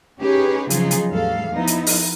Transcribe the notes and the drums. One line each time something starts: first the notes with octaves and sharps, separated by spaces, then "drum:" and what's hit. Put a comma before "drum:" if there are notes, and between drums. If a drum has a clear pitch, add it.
C#4 D#4 G4 G#4 B4 C#5
C#3 F3 F#3 D#4 F4 G#4, drum: hi-hat
drum: hi-hat
E2 A2 G3 A4 F5
F3 B3 D#4 E4
drum: hi-hat
drum: open hi-hat